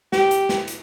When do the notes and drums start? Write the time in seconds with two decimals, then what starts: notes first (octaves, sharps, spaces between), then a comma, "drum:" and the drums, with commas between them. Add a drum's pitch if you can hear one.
0.12 G4, drum: snare
0.31 drum: hi-hat
0.49 drum: snare
0.68 drum: hi-hat